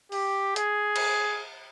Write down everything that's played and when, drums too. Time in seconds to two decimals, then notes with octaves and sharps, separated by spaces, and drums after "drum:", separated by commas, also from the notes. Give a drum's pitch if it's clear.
0.12 G4, drum: open hi-hat
0.56 G#4, drum: hi-hat
0.96 drum: cymbal